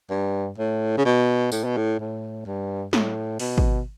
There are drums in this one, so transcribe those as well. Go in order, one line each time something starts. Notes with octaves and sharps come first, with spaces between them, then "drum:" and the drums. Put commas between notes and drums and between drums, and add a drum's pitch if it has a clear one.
G2
A2
C#3
B2
A2, drum: tambourine
B2
A2
A2
G2
A2, drum: snare
B2, drum: open hi-hat
drum: kick G#1